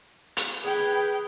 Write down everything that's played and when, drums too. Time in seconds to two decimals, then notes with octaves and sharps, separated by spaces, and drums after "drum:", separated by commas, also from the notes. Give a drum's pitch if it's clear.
0.37 drum: hi-hat
0.64 G#4 B4 G5